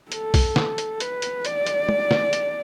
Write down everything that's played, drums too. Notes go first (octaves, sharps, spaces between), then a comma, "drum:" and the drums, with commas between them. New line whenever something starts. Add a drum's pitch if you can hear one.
A4, drum: hi-hat
drum: kick B1, open hi-hat
drum: snare
drum: hi-hat
B4, drum: hi-hat
drum: hi-hat
D5, drum: hi-hat
drum: hi-hat
drum: tom
drum: snare
drum: hi-hat